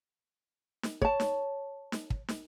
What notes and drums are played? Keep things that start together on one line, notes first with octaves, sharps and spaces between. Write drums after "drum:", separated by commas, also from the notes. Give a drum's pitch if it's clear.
drum: snare
C#5 A5, drum: kick
drum: snare
drum: snare
drum: kick
drum: snare